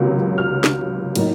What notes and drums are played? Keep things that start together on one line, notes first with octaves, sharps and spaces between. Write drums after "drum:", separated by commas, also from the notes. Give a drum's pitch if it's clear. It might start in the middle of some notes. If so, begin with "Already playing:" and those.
Already playing: C#2 C3 D#3 F#3 A#3
F6
drum: snare
A2 F#3 A#3 D#4, drum: cymbal